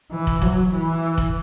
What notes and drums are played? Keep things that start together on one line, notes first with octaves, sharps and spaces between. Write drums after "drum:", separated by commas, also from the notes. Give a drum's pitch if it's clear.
E3
drum: kick
F#3, drum: kick
E3
drum: kick